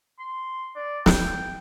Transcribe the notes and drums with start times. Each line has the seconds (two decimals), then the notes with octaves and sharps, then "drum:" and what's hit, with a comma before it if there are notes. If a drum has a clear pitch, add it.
0.19 C6
0.75 D5
1.06 G5, drum: snare